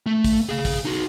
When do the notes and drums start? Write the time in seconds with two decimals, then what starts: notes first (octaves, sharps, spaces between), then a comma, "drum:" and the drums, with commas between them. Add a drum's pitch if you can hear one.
0.06 A3
0.24 drum: kick, open hi-hat
0.49 G#4 F5
0.65 drum: kick, open hi-hat
0.85 D#4 F#4